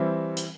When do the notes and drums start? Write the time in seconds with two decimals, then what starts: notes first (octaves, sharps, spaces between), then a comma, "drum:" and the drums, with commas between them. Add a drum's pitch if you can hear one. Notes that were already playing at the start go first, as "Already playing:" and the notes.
Already playing: E3 G3 C4 E4
0.37 drum: hi-hat